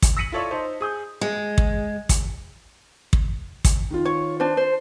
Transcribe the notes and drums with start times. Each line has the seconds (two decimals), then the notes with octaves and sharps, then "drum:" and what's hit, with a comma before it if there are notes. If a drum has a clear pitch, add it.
0.03 drum: kick, hi-hat
0.17 E6 A#6 B6 C#7 D#7 F#7
0.32 E4 F4 A4 C#5 D5 E5
0.51 D#4 C5 A5
0.81 G#4 D#6 G6
1.21 G#3
1.58 drum: kick
2.09 drum: kick, hi-hat
3.13 drum: kick
3.65 drum: kick, hi-hat
3.90 D#3 F4
4.05 C#5
4.40 D4 C5
4.57 C5